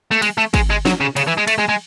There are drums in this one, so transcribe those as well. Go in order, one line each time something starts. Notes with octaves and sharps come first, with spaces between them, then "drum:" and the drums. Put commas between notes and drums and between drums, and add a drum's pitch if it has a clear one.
A3
G#3, drum: cymbal
A3
G#3, drum: kick, cymbal
G#3
F#3, drum: snare
C#3
C#3, drum: cymbal
E3
G#3
A3, drum: cymbal
G#3
G#3